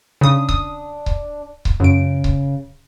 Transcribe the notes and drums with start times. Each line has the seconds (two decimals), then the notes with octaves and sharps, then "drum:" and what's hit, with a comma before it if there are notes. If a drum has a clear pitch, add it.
0.21 C#3 D4 D#6
0.49 D#6, drum: kick C#1
1.06 drum: kick C#1
1.65 drum: kick C#1
1.80 F#2 C#3 D7
2.24 drum: kick C#1